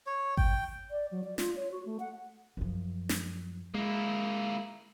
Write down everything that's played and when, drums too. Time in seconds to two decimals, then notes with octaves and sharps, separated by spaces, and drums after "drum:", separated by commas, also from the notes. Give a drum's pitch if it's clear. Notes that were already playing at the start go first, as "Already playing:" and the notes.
0.07 C#5
0.37 G5, drum: kick G#1
0.91 D5
1.11 F#3
1.24 D5
1.38 F4, drum: snare
1.56 C#5
1.71 F#4
1.85 A3
2.00 F#5
2.57 F#2 F3
3.09 drum: snare
3.74 G#3 A#3 E4